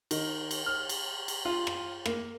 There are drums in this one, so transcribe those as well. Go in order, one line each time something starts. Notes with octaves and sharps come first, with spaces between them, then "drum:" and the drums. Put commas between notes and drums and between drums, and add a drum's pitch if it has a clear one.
D#3, drum: cymbal
drum: cymbal
F6
drum: cymbal
drum: cymbal
F4
drum: rim click
A#3, drum: rim click